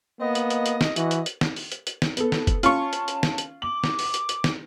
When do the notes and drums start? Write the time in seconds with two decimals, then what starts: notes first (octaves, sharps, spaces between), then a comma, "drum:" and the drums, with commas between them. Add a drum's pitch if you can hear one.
0.21 A#3 B3 D#5
0.35 drum: hi-hat
0.50 drum: hi-hat
0.66 drum: hi-hat
0.81 drum: snare
0.96 E3 F#4, drum: hi-hat
1.11 drum: hi-hat
1.26 drum: hi-hat
1.41 drum: snare
1.56 drum: open hi-hat
1.72 drum: hi-hat
1.87 drum: hi-hat
2.02 drum: snare
2.17 B3 A4, drum: hi-hat
2.32 drum: snare
2.47 drum: kick F1, hi-hat
2.63 C#4 F4 A5 C#6, drum: hi-hat
2.93 drum: hi-hat
3.08 drum: hi-hat
3.23 drum: snare
3.38 drum: hi-hat
3.62 D6 F#7
3.84 drum: snare
3.99 drum: open hi-hat
4.14 drum: hi-hat
4.29 drum: hi-hat
4.44 drum: snare